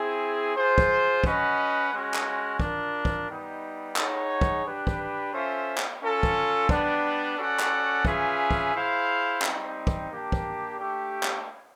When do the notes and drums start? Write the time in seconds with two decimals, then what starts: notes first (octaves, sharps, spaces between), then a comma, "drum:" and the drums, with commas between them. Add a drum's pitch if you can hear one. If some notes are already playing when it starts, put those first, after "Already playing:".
Already playing: C4 E4 G#4
0.55 F4 G#4 C5
0.78 drum: kick
1.24 C#4 F#4 B4 D#5 F#5, drum: kick
1.92 G#3 C#4 F#4
2.14 drum: clap
2.60 D4 F4 A#4, drum: kick
3.05 drum: kick
3.28 G3 B3 D#4
3.96 D#4 G#4 C#5 F#5, drum: clap
4.41 drum: kick
4.64 D4 G4 B4
4.87 drum: kick
5.32 C#4 F4 A4 C5 E5
5.78 drum: clap
6.00 C#4 F4 A4
6.23 drum: kick
6.69 G3 B3 D4, drum: kick
7.37 C#4 F#4 A4 D5 F#5
7.60 drum: clap
8.05 C#4 F4 G#4 B4 E5, drum: kick
8.51 drum: kick
8.73 E4 G#4 C5 F5
9.42 G3 C4 D#4, drum: clap
9.87 drum: kick
10.09 A#3 D4 G4
10.32 drum: kick
10.78 A3 D4 G4
11.23 drum: clap